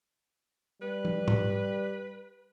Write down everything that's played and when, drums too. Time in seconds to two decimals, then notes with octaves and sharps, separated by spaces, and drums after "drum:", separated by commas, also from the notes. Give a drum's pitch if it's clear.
0.82 G3 B4
1.05 drum: tom
1.28 drum: tom G#2